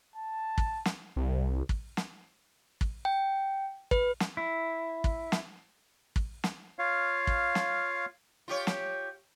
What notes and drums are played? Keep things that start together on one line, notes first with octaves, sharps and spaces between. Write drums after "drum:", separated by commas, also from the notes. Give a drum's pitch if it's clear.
A5
drum: kick
drum: snare
C2
drum: kick
drum: snare
drum: kick
G5
B4, drum: kick
drum: snare
E4
drum: kick
drum: snare
drum: kick
drum: snare
F4 C#5 F5
drum: kick
drum: snare
F4 G4 C#5
drum: snare